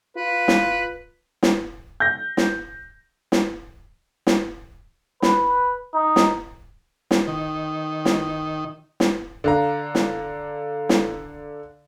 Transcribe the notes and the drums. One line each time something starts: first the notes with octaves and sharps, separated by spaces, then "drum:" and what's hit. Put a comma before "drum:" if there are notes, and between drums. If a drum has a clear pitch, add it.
F4 B4
drum: snare
drum: snare
G6 A#6
drum: snare
drum: snare
drum: snare
B4, drum: snare
D#4
drum: snare
drum: snare
D#3
drum: snare
drum: snare
D3 F5 A#5
drum: snare
drum: snare